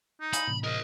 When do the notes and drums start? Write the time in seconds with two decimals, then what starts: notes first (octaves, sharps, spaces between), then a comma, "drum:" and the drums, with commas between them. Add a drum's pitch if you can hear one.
0.21 D#4
0.33 F5 G#5 B5 D#6, drum: hi-hat
0.48 A2 C3 E3
0.64 A#4 C5 D#5